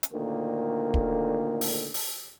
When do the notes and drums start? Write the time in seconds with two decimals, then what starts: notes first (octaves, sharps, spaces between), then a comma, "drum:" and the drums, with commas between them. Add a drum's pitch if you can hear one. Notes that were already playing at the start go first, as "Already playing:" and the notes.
0.03 drum: hi-hat
0.12 D2 A#2 D3 D#3 A#3
0.94 drum: kick
1.61 drum: open hi-hat
1.94 drum: open hi-hat